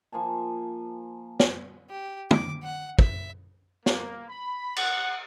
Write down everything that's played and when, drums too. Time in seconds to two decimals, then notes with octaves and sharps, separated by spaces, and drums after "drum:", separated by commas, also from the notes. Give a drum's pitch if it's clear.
0.12 F3 A#3 G#5 A5
1.40 drum: snare
1.90 G4
2.31 D6, drum: tom
2.63 F#5
2.99 E5, drum: kick
3.86 A#3, drum: snare
4.29 B5
4.76 F#5, drum: cymbal